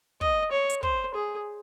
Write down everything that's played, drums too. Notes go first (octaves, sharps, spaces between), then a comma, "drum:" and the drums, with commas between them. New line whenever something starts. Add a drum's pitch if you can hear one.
D#5, drum: kick
C#5
drum: hi-hat
C5, drum: kick
G#4